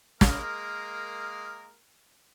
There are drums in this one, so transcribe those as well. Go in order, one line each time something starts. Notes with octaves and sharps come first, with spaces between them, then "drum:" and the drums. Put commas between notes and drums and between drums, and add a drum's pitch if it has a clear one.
G#3 A#3 A#4, drum: snare